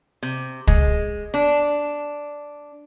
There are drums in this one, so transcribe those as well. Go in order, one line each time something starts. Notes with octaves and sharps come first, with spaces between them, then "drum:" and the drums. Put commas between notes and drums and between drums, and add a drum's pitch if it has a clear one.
C3
G#3, drum: kick
D4